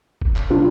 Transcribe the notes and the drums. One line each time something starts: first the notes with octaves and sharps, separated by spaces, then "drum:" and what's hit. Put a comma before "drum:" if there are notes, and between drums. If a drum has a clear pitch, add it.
drum: kick
drum: clap
C3 G3 D4 F4